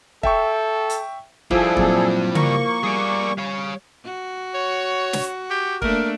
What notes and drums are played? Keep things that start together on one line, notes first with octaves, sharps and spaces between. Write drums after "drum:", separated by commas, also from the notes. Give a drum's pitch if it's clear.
A4 E5 G5 C#6, drum: kick
drum: hi-hat
F3 G3 D4 E4 G#4 A4, drum: kick
A#2 F#3 C4, drum: kick
A#3 A#4 C#6, drum: tom C#3
G3 G#4 D5
C#5 F5
F#4
C#5
drum: snare
G4
A3 A#3 D4 A#4, drum: kick